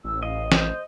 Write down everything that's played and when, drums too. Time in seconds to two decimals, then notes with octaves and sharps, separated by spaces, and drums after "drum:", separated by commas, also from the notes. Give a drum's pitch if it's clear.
0.04 A1 E6
0.23 D#5 F5
0.52 C5, drum: snare